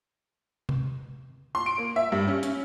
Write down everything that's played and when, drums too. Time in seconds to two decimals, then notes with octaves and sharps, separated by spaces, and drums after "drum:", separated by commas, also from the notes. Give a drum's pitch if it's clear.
0.69 drum: tom C3
1.55 C6
1.66 D7
1.78 A#3
1.96 E5
2.12 G2
2.28 C#4
2.43 C#4, drum: hi-hat